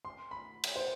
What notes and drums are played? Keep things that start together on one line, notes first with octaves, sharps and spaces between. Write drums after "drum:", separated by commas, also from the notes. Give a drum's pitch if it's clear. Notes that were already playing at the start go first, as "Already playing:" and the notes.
C6
B5
drum: cymbal
C5